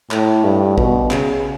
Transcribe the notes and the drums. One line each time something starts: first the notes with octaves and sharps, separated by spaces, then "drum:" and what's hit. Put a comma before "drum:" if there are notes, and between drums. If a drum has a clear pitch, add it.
A2, drum: clap
G2
B2, drum: kick A1
C#3, drum: clap